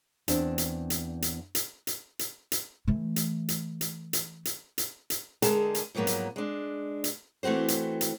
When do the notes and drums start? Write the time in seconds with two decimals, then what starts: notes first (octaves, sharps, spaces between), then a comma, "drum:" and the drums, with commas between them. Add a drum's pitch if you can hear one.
0.28 E2 C4 D4, drum: hi-hat
0.58 drum: hi-hat
0.90 drum: hi-hat
1.22 drum: hi-hat
1.55 drum: hi-hat
1.87 drum: hi-hat
2.19 drum: hi-hat
2.52 drum: hi-hat
2.88 E3 A3
3.16 drum: hi-hat
3.49 drum: hi-hat
3.81 drum: hi-hat
4.13 drum: hi-hat
4.45 drum: hi-hat
4.78 drum: hi-hat
5.10 drum: hi-hat
5.42 D3 G#3 G#4 A#4 G5 A5, drum: hi-hat
5.75 drum: hi-hat
5.95 G#2 F3 F#3 A#3 B3
6.07 drum: hi-hat
6.36 G#3 D4
7.04 drum: hi-hat
7.43 E3 A3 C4 F#4 C5
7.68 drum: hi-hat
8.01 drum: hi-hat